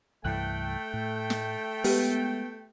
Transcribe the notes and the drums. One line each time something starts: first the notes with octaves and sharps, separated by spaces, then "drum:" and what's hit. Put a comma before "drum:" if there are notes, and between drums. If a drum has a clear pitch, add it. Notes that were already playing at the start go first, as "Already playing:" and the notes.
C2 G2 E3 A3 G5 F#6
A2
drum: snare
G#3 B3 G4 B4, drum: open hi-hat